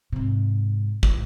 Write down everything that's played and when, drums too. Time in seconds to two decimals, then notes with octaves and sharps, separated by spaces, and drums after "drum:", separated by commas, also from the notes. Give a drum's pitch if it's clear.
0.12 G#2 C3
1.03 drum: kick